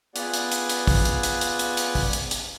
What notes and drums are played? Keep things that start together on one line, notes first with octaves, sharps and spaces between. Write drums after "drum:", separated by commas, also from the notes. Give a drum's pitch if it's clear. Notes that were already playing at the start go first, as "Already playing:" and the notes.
B3 F4 G#4 D5 F#5, drum: hi-hat
drum: hi-hat
drum: hi-hat
drum: hi-hat
drum: kick, open hi-hat
drum: hi-hat
drum: hi-hat
drum: hi-hat
drum: hi-hat
drum: hi-hat
drum: kick, open hi-hat
drum: hi-hat
drum: hi-hat